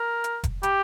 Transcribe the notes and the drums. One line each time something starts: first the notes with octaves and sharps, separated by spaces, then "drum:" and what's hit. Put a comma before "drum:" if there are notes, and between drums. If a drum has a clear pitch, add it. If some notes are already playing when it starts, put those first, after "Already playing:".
Already playing: A#4
drum: hi-hat
drum: kick F1, hi-hat
G4, drum: hi-hat